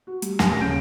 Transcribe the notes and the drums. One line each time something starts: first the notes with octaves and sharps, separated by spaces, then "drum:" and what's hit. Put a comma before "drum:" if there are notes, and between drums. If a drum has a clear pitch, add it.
F#4
G3, drum: hi-hat
D#1 G3 C#4 G#5 A#6, drum: snare
C#3 G6 D7